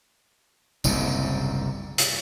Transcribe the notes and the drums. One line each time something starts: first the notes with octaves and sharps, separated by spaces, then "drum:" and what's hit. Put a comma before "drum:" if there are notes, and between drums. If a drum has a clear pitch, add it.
F#1 C2 G#2 C3, drum: tambourine
drum: hi-hat